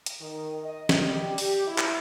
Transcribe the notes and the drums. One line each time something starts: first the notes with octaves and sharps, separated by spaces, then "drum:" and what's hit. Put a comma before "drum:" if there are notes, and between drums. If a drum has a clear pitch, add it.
drum: hi-hat
D#3
D#5
drum: snare
G3
G4, drum: open hi-hat
E4
drum: clap